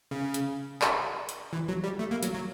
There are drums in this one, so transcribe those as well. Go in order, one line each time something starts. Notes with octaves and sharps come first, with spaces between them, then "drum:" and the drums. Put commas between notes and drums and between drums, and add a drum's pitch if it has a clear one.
C#3
drum: hi-hat
drum: clap
drum: hi-hat
E3
F#3
G3
A3
A#3
F#3, drum: hi-hat
F#3